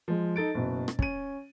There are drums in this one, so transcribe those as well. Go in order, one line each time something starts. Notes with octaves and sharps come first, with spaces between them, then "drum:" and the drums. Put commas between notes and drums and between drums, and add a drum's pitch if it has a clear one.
F3 G#3
D#4 A4 A6 D7
F#1 B2
drum: rim click
C#4 D#7, drum: kick